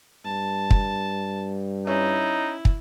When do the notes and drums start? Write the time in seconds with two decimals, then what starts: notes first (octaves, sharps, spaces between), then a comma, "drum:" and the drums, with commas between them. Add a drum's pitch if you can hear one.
0.25 G2 A5
0.71 drum: kick
1.87 C#4 D#4 E4
2.65 drum: kick